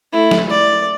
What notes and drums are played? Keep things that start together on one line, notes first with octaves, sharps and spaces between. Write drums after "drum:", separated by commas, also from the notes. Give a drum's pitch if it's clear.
A3 E4
drum: snare
D5